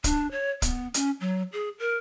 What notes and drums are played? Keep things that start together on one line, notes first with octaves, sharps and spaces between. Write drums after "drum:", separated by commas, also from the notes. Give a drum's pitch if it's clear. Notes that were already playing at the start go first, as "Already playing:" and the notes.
D4, drum: kick, hi-hat
C#5
B3, drum: kick, hi-hat
C#4, drum: hi-hat
F#3
G#4
A#4